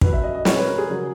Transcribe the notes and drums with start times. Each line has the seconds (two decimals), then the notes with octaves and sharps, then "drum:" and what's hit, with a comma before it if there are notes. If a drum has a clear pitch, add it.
0.01 B2 F#3 B4, drum: kick
0.13 E5
0.23 D#5
0.35 D#5
0.45 B2 G#3 C#5, drum: snare
0.56 B4
0.67 A#4
0.78 G#4
0.90 C#3 F#3